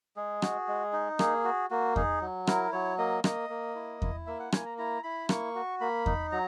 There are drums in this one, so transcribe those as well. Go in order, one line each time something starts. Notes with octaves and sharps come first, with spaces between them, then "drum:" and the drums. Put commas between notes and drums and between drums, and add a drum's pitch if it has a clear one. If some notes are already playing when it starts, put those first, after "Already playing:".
G#3 G#4
F#4, drum: rim click
G#3
D#4
A#3 G#4, drum: rim click
F#4
A#3 F#4
D#4 G#4, drum: kick E2
F#3
E4 A#4, drum: rim click
F#3 C#5
A#3 D#5
A#3 D#5, drum: rim click
A#3
E4
E4, drum: kick E2
A#3 E5
F#5
A#3 G#5, drum: rim click
A#5
E4 A#5
E4 B5
A#3 C#6, drum: rim click
F#4
A#3 B5
D#4, drum: kick E2
F#3 A#5